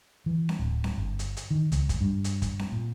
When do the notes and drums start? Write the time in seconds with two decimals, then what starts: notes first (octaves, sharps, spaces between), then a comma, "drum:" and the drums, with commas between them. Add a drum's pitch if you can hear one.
0.26 E3
0.49 drum: snare C4
0.59 D1
0.84 drum: snare C4
0.98 G1
1.19 drum: hi-hat
1.37 drum: hi-hat
1.51 D#3
1.72 C#2, drum: hi-hat
1.89 drum: kick, hi-hat
2.01 G2
2.24 drum: hi-hat
2.42 drum: kick, hi-hat
2.59 drum: snare C4
2.72 A#2